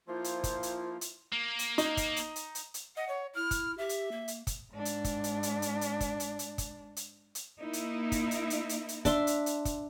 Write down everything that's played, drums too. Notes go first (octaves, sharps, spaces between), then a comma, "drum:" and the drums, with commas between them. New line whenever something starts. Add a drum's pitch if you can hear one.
F3 A#3 E4 F4 C5
drum: hi-hat
drum: kick, hi-hat
drum: hi-hat
drum: hi-hat
A#3
drum: hi-hat
D#4, drum: hi-hat
drum: kick, hi-hat
drum: hi-hat
drum: hi-hat
drum: hi-hat
drum: hi-hat
D#5 F#5
C#5
E4 F6
drum: kick, hi-hat
G4 E5
drum: hi-hat
A#3
drum: hi-hat
drum: kick, hi-hat
G#2 D4
drum: hi-hat
drum: kick, hi-hat
drum: hi-hat
drum: hi-hat
drum: hi-hat
drum: hi-hat
drum: kick, hi-hat
drum: hi-hat
drum: hi-hat
drum: kick, hi-hat
drum: hi-hat
drum: hi-hat
A#3 D#4 E4
drum: hi-hat
drum: kick, hi-hat
drum: hi-hat
drum: hi-hat
drum: hi-hat
drum: hi-hat
D4 E5 C6, drum: kick, hi-hat
drum: hi-hat
drum: hi-hat
drum: kick, hi-hat